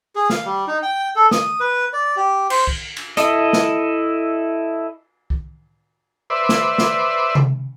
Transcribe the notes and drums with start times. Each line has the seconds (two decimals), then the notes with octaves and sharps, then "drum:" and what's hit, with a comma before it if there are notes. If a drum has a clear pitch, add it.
0.16 G#4
0.30 F5, drum: snare
0.45 G3
0.68 D#4
0.83 G5
1.16 A4
1.31 D#6, drum: snare
1.60 B4
1.93 D5
2.16 G4
2.50 C5, drum: cymbal
2.67 drum: kick
2.97 drum: cymbal
3.17 E4 A4 D#5, drum: hi-hat
3.53 drum: snare
5.30 drum: kick
6.30 B4 C5 D5 E5
6.49 drum: snare
6.78 drum: snare
7.35 drum: tom C3